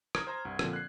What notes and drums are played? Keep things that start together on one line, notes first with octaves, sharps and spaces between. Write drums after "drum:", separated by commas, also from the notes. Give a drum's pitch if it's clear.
A#5 D#6 F6 G#6, drum: rim click
C5 A#5 D#6
C2 G2
A#2 D3 F3 C4 G#6, drum: rim click
F#6 C7